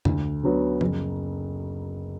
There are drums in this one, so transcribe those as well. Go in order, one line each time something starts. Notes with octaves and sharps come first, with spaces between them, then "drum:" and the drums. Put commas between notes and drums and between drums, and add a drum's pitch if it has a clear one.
D2, drum: tom F2
D3 F#3 B3
F#1, drum: tom F3